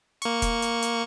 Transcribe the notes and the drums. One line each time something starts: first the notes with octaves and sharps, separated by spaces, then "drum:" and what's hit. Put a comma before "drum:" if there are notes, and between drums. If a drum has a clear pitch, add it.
A#3 C#6, drum: hi-hat
drum: kick E1, hi-hat
drum: hi-hat
drum: hi-hat